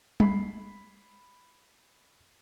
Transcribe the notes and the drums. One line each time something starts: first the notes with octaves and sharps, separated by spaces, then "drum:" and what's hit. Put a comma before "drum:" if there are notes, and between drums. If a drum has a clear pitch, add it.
B5 C7, drum: tom